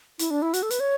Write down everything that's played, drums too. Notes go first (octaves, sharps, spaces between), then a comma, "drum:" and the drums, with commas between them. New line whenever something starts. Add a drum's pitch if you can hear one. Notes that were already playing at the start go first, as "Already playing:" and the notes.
E4, drum: hi-hat
D4
E4
F#4, drum: hi-hat
A4
B4, drum: hi-hat
C#5